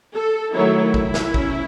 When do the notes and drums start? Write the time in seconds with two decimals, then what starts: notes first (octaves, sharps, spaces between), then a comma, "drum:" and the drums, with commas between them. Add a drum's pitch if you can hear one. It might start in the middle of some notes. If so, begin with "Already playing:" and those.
0.14 A4
0.54 D#3 F#3 A3 E4
0.94 drum: kick
1.14 drum: snare
1.34 F#3 C#4, drum: kick